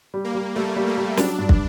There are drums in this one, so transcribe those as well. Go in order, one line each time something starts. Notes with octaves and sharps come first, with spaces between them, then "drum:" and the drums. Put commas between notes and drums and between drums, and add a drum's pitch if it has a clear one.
G3
A#3
G3
G3 A3
G3
A#3
G3
F#3 D4, drum: snare
G2
drum: kick